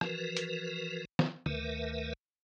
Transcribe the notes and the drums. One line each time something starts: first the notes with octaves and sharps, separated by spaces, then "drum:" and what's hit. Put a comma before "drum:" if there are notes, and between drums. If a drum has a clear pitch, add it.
E3 F3 F#4 A#4 B4, drum: rim click
drum: hi-hat
drum: snare
D2 D#3 A3 A#4 B4 E5, drum: tom